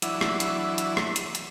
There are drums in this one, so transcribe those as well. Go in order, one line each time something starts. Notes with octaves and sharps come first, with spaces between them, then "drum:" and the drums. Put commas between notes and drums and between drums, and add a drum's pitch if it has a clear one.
E3 F#3 D4 E4, drum: hi-hat
drum: rim click
drum: hi-hat
drum: hi-hat
drum: rim click
drum: hi-hat
drum: hi-hat